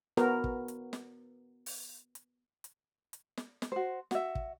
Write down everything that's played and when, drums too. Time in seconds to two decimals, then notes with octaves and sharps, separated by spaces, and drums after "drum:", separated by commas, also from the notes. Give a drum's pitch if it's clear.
0.17 B3 F#4 A#4, drum: snare
0.44 drum: kick
0.68 drum: hi-hat
0.93 drum: snare
1.66 drum: open hi-hat
2.15 drum: hi-hat
2.64 drum: hi-hat
3.13 drum: hi-hat
3.37 drum: snare
3.62 drum: snare
3.72 F#4 C5
4.11 F#4 E5, drum: snare
4.35 drum: kick